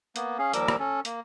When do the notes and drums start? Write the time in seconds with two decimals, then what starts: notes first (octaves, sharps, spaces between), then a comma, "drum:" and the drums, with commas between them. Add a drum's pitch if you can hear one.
0.16 A#3 B3, drum: hi-hat
0.39 C#4 G#4 F5
0.54 D#2 F3 G3 A#4 D6 E6, drum: hi-hat
0.68 drum: rim click
0.79 C#4 A4
1.05 A#3, drum: hi-hat